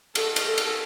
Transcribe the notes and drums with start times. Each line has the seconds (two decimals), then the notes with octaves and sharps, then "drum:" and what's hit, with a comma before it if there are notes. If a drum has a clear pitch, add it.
0.15 A4, drum: cymbal
0.36 drum: cymbal
0.47 A4
0.58 drum: cymbal